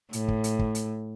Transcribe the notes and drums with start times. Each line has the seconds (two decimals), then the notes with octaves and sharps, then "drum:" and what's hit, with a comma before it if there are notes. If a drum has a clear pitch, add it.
0.13 A2, drum: hi-hat
0.28 drum: kick
0.44 drum: hi-hat
0.59 drum: kick
0.75 drum: hi-hat